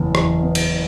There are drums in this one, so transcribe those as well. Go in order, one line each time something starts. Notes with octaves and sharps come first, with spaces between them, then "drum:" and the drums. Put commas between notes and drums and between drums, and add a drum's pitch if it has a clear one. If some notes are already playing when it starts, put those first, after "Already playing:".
Already playing: F#1 E2 B3
E2, drum: rim click
B3
drum: cymbal